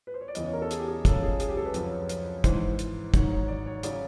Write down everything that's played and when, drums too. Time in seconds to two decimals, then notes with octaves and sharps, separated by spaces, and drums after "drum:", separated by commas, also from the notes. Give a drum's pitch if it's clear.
0.07 B4
0.14 C5
0.21 C#5
0.28 D5
0.35 E2 C#3 E3 D#5, drum: hi-hat
0.45 C#5
0.53 A#4
0.62 A4
0.71 G#4, drum: hi-hat
0.79 G4
0.88 G#4
1.05 C#2 C#3 F#3 A4, drum: kick, hi-hat
1.23 G#4
1.40 G#4, drum: hi-hat
1.49 G4
1.57 A4
1.65 B4
1.74 F2 C#3 F#3, drum: hi-hat
2.09 drum: hi-hat
2.44 G#2 E3 C5, drum: kick, hi-hat
2.79 drum: hi-hat
3.14 G#2 D#3 F#3 C#5, drum: kick, hi-hat
3.31 C#5
3.48 D5
3.66 C#5
3.83 C#3 F#3 D5, drum: hi-hat